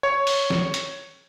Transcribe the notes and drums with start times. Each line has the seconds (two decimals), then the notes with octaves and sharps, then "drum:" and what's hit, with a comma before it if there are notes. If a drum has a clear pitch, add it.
0.03 C#5
0.27 drum: open hi-hat
0.50 drum: snare
0.74 drum: hi-hat